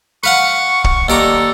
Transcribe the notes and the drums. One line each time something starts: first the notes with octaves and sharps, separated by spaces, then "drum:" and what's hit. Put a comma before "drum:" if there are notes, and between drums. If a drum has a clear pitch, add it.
B4 F5 F#5 C#6
C#6, drum: kick
D#2 A4 D5 A#5